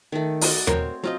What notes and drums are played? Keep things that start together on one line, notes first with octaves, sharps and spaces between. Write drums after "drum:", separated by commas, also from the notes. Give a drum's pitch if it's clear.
D#3 A3
F#4 D5 D#5, drum: open hi-hat
C4 A#4 C5 C#5, drum: tom D#2
F#3 C4 F4 D#5